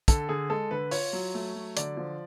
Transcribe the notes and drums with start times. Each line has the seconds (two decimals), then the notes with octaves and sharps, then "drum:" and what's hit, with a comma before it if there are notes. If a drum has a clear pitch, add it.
0.08 D3 A4, drum: kick, hi-hat
0.29 D3 G#4
0.50 G#3 A4
0.71 D3 B4
0.91 F4 C#5, drum: open hi-hat
1.13 F#3
1.34 A3
1.55 F#3
1.77 D3 D5, drum: hi-hat
1.97 F3